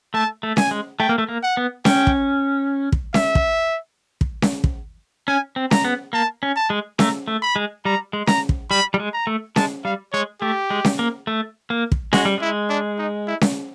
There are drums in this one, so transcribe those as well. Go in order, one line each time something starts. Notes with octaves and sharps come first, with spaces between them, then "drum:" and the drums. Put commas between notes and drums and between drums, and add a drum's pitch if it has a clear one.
A3 A5
A3
G#5, drum: snare C#4
G#3
A3 G5
A#3
A3
A#3
F#5
B3
C#4 G5, drum: snare C#4
drum: kick
drum: kick
E5, drum: snare C#4
drum: kick
drum: kick
drum: snare C#4
drum: kick
C#4 G#5
C4
A#5, drum: snare C#4
B3
A#3 A5
C#4
A5
G#3
A3 A#5, drum: snare C#4
A3
B5
G#3
G3 A#5
G#3
A#5, drum: snare C#4
drum: kick
G3 B5
G3
G#3
A#5
A3
G#3 A5, drum: snare C#4
G3 F5
G#3 C#5
A3 G4
G#3
drum: snare C#4
A#3
A3
A#3
drum: kick
G#3 F#4, drum: snare C#4
G3
G#3 E4
D4
D#4
E4
drum: snare C#4